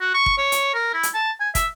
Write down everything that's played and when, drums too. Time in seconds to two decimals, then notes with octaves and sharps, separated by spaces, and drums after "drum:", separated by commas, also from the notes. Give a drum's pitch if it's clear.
0.01 F#4
0.14 C#6
0.26 drum: kick
0.38 C#5
0.52 drum: hi-hat
0.74 A#4
0.94 E4
1.03 drum: hi-hat
1.14 A5
1.40 G#5
1.55 E5, drum: kick, hi-hat